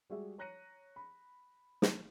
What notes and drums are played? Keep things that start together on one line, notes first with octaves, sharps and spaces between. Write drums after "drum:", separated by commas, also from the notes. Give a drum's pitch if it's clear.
G3 G#3 F#4 G#4 E5
C#5 A#5 F#6 A#6 C#7 D#7
B5
drum: snare